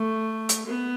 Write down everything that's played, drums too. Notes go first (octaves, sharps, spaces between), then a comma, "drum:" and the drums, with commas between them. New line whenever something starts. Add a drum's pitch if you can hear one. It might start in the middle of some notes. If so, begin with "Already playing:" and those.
Already playing: A3
drum: hi-hat
B3